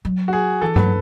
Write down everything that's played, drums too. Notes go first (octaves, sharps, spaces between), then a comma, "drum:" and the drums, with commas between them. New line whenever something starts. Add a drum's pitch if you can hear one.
F#3
F#4
G#4
E3 A4
F#3 B4, drum: tom G2